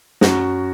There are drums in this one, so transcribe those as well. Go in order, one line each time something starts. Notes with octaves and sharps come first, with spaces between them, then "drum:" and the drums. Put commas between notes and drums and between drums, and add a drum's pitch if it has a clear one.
F#2 F#4, drum: snare